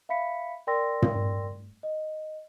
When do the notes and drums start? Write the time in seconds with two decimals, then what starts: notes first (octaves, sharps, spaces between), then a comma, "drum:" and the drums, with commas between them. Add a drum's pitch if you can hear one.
0.09 E5 F5 B5 B6 C#7
0.67 A#4 D5 G5 C6 E6 A#6
1.02 drum: tom
1.83 D#5